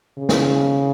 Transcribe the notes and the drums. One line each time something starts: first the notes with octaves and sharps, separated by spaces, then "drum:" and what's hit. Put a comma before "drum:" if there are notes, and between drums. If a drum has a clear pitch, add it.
C#3
drum: snare